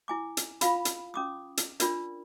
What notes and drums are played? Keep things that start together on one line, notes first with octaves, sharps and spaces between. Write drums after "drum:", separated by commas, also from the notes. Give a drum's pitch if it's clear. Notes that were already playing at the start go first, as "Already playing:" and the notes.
E4 G#5 D6
drum: hi-hat
F4 F5 B5, drum: hi-hat
drum: hi-hat
C#4 D6 D#6
drum: hi-hat
D4 F4 A#4 D5, drum: hi-hat